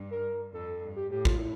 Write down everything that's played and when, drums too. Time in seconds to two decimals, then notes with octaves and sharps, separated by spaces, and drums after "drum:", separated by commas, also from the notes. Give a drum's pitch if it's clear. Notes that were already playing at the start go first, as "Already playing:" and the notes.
Already playing: G2
0.11 A#4
0.54 F2 A4
0.82 G2
0.96 G4
1.11 A2 G4
1.25 F4, drum: kick
1.38 E4